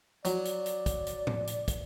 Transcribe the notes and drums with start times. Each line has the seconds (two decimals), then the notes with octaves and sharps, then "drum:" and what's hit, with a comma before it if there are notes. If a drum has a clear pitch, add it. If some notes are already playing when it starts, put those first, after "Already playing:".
0.25 F#3 D5, drum: hi-hat
0.45 drum: hi-hat
0.66 drum: hi-hat
0.86 drum: kick, hi-hat
1.07 drum: hi-hat
1.27 drum: tom A2
1.47 drum: hi-hat
1.68 drum: kick, hi-hat